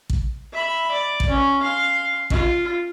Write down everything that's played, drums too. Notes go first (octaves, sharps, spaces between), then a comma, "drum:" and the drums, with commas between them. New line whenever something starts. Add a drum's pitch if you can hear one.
drum: kick
E5 B5
D5
drum: kick
C#4
F5 C6
F4, drum: kick